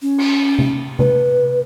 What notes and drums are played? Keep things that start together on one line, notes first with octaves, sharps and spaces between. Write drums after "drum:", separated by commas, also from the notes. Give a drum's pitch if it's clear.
C#4
drum: cymbal
drum: tom C3
B4, drum: tom C3